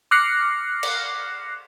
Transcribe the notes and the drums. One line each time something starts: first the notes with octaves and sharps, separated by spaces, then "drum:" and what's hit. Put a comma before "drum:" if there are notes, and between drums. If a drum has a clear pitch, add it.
D6 F6 F#6 A#6 C7 C#7
drum: cymbal